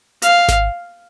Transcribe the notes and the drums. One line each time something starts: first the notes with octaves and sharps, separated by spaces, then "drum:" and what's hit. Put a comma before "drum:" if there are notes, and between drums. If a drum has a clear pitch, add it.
F5, drum: hi-hat
drum: snare G#1